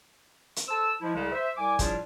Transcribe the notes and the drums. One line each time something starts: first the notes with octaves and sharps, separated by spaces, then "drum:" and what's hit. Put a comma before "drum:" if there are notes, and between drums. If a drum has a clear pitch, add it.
drum: hi-hat
A4 C5 A5 E6
F3 G#3 E4
C2 C#3 G#3
C5 E5
C2 G#5 D6
A2 F3 G3 D4 F4 G#4, drum: kick, hi-hat